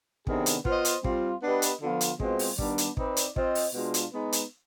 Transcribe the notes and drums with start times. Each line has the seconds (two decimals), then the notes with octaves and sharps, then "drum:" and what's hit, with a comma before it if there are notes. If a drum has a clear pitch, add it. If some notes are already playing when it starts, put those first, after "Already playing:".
0.27 C3 D#3 B3 D4 G#4, drum: kick
0.46 drum: hi-hat
0.65 B3 F4 C5 D#5, drum: kick
0.85 drum: hi-hat
1.04 G3 C4 F4, drum: kick
1.43 B3 D4 G4 B4 D#5
1.62 drum: hi-hat
1.82 D3 F3 B3 F4
2.01 drum: hi-hat
2.20 B2 G#3 C4 F4 C5, drum: kick
2.39 drum: open hi-hat
2.58 D#3 G3 B3 D4, drum: kick
2.78 drum: hi-hat
2.97 C4 D#4 B4 D5, drum: kick
3.17 drum: hi-hat
3.36 C4 F4 C5 D#5, drum: kick
3.55 drum: open hi-hat
3.74 B2 G#3 D4 F4
3.94 drum: hi-hat
4.13 G#3 B3 D#4 B4
4.32 drum: hi-hat